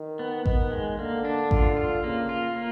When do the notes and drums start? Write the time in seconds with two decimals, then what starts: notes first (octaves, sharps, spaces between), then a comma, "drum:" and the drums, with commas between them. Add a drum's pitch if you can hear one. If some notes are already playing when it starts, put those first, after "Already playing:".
Already playing: D#3
0.19 B3
0.46 D#3 B3, drum: kick A1
0.71 G#3
0.98 D3 A#3
1.25 D4
1.51 F4, drum: kick A1
1.77 F4
2.03 C#3 A#3
2.29 F4
2.56 A#3